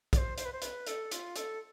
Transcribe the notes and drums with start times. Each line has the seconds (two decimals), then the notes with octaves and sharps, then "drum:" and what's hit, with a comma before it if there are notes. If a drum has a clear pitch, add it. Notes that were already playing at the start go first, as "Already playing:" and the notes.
0.13 D5, drum: kick A#1, hi-hat
0.17 C5
0.38 C5, drum: hi-hat
0.45 B4
0.52 C5
0.62 B4, drum: hi-hat
0.87 A4, drum: hi-hat
1.11 F4, drum: hi-hat
1.36 A4, drum: hi-hat